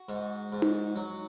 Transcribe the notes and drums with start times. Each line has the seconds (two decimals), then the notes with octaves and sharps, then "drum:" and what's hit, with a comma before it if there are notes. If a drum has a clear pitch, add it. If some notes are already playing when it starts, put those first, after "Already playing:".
Already playing: F#4
0.09 G#2, drum: hi-hat
0.52 G#2
0.62 drum: tom D#4
0.96 F#3